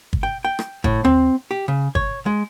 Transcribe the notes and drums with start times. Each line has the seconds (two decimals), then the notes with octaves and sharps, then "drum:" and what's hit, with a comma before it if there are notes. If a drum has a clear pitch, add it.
0.13 drum: kick G1
0.23 G5
0.45 G5
0.59 drum: rim click
0.84 A2, drum: kick G1
1.05 C4, drum: tom D#2
1.51 G4
1.68 C#3
1.95 C#5, drum: kick G1
2.26 G#3